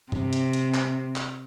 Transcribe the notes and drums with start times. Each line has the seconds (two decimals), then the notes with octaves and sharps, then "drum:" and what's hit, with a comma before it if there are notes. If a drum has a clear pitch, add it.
0.12 C3, drum: tom G2
0.33 drum: hi-hat
0.53 drum: hi-hat
0.74 drum: clap
1.16 drum: clap